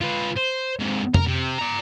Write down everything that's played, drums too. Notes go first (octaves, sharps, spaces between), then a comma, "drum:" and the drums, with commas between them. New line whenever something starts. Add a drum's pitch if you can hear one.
F4 B4
C5
G#2 C3
A#4, drum: tom F2
C3
D5 A#5